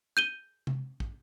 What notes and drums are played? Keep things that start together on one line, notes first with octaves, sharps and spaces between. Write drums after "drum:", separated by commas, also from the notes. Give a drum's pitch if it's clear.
G6 D#7 G7
drum: tom C3
drum: kick